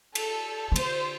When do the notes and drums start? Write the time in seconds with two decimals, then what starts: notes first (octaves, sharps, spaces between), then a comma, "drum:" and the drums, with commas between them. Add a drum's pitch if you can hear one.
0.15 A4, drum: cymbal
0.72 D#3
0.76 D3 C5, drum: cymbal